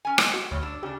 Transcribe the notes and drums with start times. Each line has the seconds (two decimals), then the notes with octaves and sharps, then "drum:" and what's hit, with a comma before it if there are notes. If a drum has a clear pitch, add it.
0.05 C#4 G#5
0.18 G#3 G5, drum: rim click
0.34 F#4
0.51 D2 G2 C#5
0.63 D4 E6
0.83 C#3 D4 G4